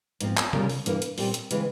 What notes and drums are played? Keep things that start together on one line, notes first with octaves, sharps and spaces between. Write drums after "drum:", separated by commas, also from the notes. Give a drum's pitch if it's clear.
G#2 F3 C4, drum: hi-hat
drum: clap
C#3 G3 C#4 F4 A#4, drum: tom C3
drum: open hi-hat
G2 E3 A#3, drum: hi-hat
drum: hi-hat
A#2 G3 C4 G4, drum: open hi-hat
drum: hi-hat
C#3 E3 G#3 C4, drum: hi-hat